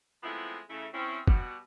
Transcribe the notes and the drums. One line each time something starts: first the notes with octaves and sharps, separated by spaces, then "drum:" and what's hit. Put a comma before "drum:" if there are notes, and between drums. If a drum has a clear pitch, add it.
F3 G#3 A3 B3 C4 E4
C#3 A3 E4
C4 C#4 E4
B2 G3 F#4, drum: kick